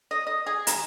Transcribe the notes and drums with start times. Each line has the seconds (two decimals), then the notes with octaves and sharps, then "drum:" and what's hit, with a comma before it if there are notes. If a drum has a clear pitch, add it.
0.11 D#5
0.27 D#5
0.46 G#4
0.67 D#3, drum: hi-hat